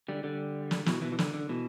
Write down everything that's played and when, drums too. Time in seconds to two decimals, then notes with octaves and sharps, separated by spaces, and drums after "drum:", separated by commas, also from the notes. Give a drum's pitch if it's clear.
0.08 D3 G3
0.23 D3 G3
0.71 drum: snare
0.86 B2 E3, drum: snare
1.02 B2 E3
1.12 E3
1.19 D3, drum: snare
1.34 D3
1.49 B2 E3